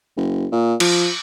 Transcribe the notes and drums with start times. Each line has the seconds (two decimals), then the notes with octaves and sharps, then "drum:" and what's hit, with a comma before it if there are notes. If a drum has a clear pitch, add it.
0.17 F#1
0.52 A#2
0.80 F3, drum: cymbal